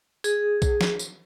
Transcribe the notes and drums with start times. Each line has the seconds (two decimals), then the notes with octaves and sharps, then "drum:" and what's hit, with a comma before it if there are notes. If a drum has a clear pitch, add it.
0.24 G#4, drum: tambourine
0.62 drum: kick B1, tambourine
0.81 drum: snare
0.99 drum: tambourine